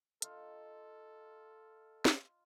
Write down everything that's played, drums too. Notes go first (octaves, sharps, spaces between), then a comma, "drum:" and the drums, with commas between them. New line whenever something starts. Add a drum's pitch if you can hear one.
D#4 F4 A4, drum: hi-hat
drum: snare